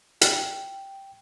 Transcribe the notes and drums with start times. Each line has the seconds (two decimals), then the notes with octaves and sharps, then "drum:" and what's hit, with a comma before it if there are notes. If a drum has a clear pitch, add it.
0.21 G5, drum: hi-hat